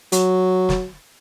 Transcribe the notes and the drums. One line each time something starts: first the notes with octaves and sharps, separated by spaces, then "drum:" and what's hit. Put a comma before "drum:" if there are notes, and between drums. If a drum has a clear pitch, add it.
F#3, drum: hi-hat
drum: snare